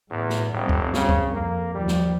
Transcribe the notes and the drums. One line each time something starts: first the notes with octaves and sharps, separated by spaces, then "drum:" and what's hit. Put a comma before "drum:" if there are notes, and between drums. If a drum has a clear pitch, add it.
E2 A2
drum: snare
F1 F#2 G3 C4
drum: kick C#2
C#3, drum: snare
drum: kick C#2
F2 A#3
D#2 F3 G3
drum: snare